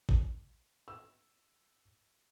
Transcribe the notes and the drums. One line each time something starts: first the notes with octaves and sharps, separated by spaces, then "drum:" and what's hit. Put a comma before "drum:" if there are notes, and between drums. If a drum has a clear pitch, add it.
drum: kick
E6